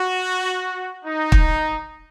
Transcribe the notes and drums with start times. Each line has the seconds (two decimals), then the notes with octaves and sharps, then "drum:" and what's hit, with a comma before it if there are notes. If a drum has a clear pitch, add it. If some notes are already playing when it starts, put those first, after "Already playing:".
Already playing: F#4
1.05 D#4
1.32 drum: kick